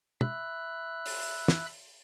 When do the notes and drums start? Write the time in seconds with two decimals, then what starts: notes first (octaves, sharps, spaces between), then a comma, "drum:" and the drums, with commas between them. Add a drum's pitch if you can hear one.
0.21 E5 B5 E6 F#6, drum: tom
1.06 drum: open hi-hat
1.48 drum: snare